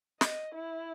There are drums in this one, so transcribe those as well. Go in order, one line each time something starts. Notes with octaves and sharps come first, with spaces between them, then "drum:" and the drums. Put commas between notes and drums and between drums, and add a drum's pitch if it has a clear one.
D#5, drum: snare
E4